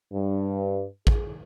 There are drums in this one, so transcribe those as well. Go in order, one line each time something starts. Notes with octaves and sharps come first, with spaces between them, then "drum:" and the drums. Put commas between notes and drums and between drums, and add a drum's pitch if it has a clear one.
G2
G#4, drum: kick